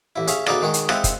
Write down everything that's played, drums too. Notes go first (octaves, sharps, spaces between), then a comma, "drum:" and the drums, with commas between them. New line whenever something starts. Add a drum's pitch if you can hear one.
A1 E4
C#4 G#4 E5 F5, drum: hi-hat
D2 B3 D#4 G#4 D5 F5, drum: rim click
D#3 G#3 F#4 G#4
drum: hi-hat
G#3 C4 E4 F5 F#5 D#6, drum: rim click
drum: kick, hi-hat